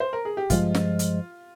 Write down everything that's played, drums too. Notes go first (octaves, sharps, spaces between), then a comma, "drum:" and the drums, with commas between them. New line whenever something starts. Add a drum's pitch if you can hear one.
C5
A#4
G#4
G4
G2 F3 G#3 F4, drum: kick, hi-hat
drum: snare
drum: hi-hat